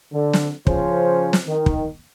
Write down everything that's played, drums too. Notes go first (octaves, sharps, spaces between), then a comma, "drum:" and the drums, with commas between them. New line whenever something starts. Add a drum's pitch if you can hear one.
D3
drum: snare
C#3 F3 C#4 C5, drum: kick
drum: snare
D#3
drum: kick